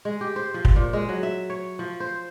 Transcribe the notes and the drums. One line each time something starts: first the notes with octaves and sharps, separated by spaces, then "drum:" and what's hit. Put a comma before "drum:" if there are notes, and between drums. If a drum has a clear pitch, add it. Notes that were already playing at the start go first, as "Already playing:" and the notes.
G#3
G4
C5
F3
drum: kick
A#2
G#3
F#3
E5
C#5
F3
C5